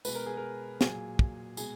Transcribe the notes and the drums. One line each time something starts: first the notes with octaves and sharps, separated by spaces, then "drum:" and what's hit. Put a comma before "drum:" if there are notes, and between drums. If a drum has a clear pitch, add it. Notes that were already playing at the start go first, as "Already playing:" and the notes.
B2 G#3 B4, drum: tambourine
A#4
G#4
A#4
A#2 F#3 G#4, drum: snare
drum: kick
B2 G#3 G#4, drum: tambourine